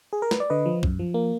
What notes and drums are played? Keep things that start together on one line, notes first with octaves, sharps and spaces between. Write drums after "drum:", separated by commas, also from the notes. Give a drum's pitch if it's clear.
G#4
A#4
B4, drum: snare
D5
D3 B4 D#5
F3
F#2, drum: kick B1
F3
A#3